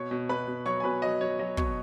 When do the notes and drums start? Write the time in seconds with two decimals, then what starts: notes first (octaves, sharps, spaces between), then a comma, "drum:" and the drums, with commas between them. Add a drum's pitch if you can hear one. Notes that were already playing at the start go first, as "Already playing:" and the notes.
Already playing: B2 C#5 C#6
0.11 B2
0.29 B2 B4 B5
0.47 B2
0.66 F#3 C#5 C#6
0.80 G#5
0.84 B2 B4 B5
1.02 F#3 D#5
1.21 F#3 C#5
1.39 F#3 D#5
1.57 B2 C#5 C#6, drum: kick